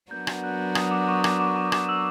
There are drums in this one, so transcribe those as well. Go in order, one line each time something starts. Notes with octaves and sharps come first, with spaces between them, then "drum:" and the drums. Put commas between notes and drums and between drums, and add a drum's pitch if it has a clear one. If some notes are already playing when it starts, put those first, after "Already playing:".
F#3 B3 D4 F#4 A#4 G6
drum: rim click
F#6
D#6, drum: rim click
D6
C#6
D6, drum: rim click
D6
C#6
D6, drum: rim click
E6